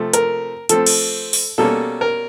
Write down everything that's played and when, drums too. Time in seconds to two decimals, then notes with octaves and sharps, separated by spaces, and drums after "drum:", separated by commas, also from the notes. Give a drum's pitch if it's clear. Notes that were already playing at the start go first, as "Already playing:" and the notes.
Already playing: C3 F3 A3
0.14 A#4, drum: hi-hat
0.69 F3 A3 C4 A4, drum: hi-hat
0.86 drum: cymbal
1.33 drum: open hi-hat
1.58 B2 G3 A#3 C#4 A4
2.01 A#4